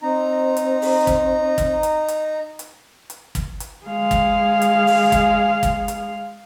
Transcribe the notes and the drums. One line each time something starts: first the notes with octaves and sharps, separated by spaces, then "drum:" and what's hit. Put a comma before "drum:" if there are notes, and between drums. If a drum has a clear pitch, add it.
C4 D#4 A#5
drum: hi-hat
drum: open hi-hat
drum: kick, hi-hat
drum: kick, hi-hat
drum: hi-hat
drum: hi-hat
drum: hi-hat
drum: hi-hat
drum: kick, hi-hat
drum: hi-hat
G#3 F5
drum: kick, hi-hat
drum: hi-hat
drum: open hi-hat
drum: kick, hi-hat
drum: kick, hi-hat
drum: hi-hat